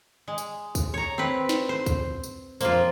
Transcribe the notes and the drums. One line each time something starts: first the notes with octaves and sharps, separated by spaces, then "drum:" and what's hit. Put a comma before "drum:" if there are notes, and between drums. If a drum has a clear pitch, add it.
G#3
drum: tambourine
drum: kick, tambourine
C#5 A#5
C4 B4
drum: snare
C5
drum: kick, tambourine
drum: tambourine
F2 A#3 C4 F4, drum: tambourine